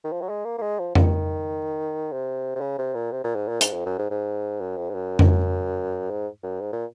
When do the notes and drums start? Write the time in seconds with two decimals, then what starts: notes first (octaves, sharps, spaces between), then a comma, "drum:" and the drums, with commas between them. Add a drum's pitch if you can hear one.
0.05 D#3
0.12 F3
0.22 F#3
0.29 G#3
0.45 A#3
0.58 A#3
0.62 G#3
0.79 F3
0.95 D#3, drum: tom F2
2.12 C3
2.56 C3
2.61 C#3
2.79 C3
2.94 A#2
3.12 C3
3.24 A#2
3.36 G#2
3.48 A#2
3.61 G#2, drum: hi-hat
3.73 F2
3.86 F#2
3.99 G#2
4.10 G#2
4.61 F#2
4.77 F2
4.89 G#2
4.94 F#2
5.19 drum: tom F2
6.10 G#2
6.43 F#2
6.60 G#2
6.73 A#2